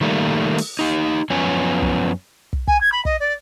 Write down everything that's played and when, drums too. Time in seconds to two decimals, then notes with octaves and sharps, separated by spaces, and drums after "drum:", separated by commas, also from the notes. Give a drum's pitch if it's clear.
0.01 D#3 G3 A3 A#3
0.58 drum: open hi-hat
0.79 D#4 G4
1.30 F#2 F3 B3 C#4 G#5
1.82 drum: kick
2.53 drum: kick
2.68 G#5, drum: kick
2.81 G#6
2.92 B5
3.05 D#5, drum: kick
3.20 D5